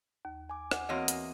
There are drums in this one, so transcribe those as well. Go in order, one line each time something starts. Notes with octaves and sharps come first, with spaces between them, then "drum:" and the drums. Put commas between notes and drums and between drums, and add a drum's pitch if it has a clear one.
D#2
G#5 D6
F#5, drum: rim click
E2 A#3 C4 F#4 C#5 D#5
drum: hi-hat